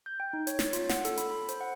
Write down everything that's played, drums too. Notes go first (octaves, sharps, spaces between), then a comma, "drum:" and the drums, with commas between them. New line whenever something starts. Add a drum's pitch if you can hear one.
G6
G5
D#4
C#5, drum: hi-hat
A6, drum: snare
F4, drum: hi-hat
F#5, drum: snare
A4, drum: hi-hat
B5, drum: hi-hat
B5
C5, drum: hi-hat
F#5